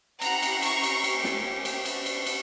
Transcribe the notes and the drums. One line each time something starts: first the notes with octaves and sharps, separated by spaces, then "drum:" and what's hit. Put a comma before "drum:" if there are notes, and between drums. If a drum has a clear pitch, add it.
C#4 E4 G4 F#5 A#5, drum: cymbal
drum: cymbal
A#5 C#6, drum: cymbal
drum: cymbal
A#3 C#4 G4, drum: cymbal
drum: snare
drum: cymbal
B3 D4 F#4, drum: cymbal
drum: cymbal
drum: cymbal